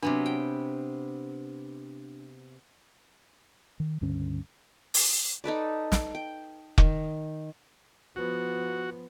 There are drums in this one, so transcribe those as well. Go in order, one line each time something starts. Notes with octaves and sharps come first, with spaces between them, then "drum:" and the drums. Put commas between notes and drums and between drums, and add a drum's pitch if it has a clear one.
C3 F#3 B3 D4
G5
D#3
C#2 G2 D3 C#4
drum: open hi-hat
D#4 A4 B4 D5
drum: snare
G5
D#3, drum: kick
F3 B3 F#4